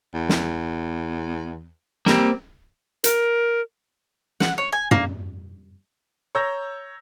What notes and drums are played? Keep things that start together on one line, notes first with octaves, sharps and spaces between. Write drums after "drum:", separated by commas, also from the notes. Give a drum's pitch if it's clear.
E2
drum: snare
G3 A#3 C4, drum: snare
A#4, drum: hi-hat
F#5, drum: snare
C#5
G#5
A#3, drum: tom
C#5 A#5 E6 G6 A#6